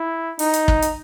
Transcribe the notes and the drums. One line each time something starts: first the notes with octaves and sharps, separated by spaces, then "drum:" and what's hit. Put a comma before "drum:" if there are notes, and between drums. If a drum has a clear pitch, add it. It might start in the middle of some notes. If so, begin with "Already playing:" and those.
Already playing: E4
D#4, drum: open hi-hat
drum: hi-hat
drum: kick
drum: hi-hat